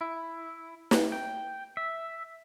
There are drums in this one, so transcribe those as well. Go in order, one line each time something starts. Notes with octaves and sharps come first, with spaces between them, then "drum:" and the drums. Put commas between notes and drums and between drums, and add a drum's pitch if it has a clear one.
E4
drum: snare
G5
E5